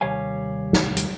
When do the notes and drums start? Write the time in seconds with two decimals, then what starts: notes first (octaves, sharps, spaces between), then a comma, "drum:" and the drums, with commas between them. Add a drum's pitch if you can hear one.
0.01 D#2 C3 G3 C#5 F5 G#5
0.73 drum: snare
0.97 drum: hi-hat